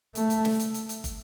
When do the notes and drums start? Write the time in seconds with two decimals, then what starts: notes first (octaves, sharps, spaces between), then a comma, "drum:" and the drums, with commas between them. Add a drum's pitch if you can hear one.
0.15 A3, drum: hi-hat
0.30 drum: hi-hat
0.45 drum: snare
0.60 drum: hi-hat
0.74 drum: hi-hat
0.89 drum: hi-hat
1.04 drum: kick, hi-hat